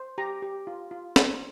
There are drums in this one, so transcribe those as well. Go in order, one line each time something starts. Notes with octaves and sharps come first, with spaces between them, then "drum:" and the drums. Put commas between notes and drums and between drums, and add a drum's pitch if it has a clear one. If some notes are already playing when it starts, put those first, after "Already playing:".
Already playing: C5
G4 A#5
G4
F4
F4
C5, drum: snare